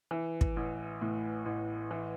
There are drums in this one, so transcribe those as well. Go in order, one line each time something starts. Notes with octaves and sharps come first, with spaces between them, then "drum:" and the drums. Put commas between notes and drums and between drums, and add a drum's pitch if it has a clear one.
E3
drum: kick
A1
A2
A1
E3